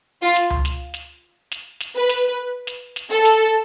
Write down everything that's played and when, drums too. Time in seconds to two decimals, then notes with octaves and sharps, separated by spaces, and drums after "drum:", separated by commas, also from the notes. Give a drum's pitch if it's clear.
0.22 F4
0.36 drum: snare
0.50 drum: tom C#2
0.65 drum: snare
0.94 drum: snare
1.52 drum: snare
1.80 drum: snare
1.95 B4
2.09 drum: snare
2.67 drum: snare
2.96 drum: snare
3.10 A4
3.25 drum: snare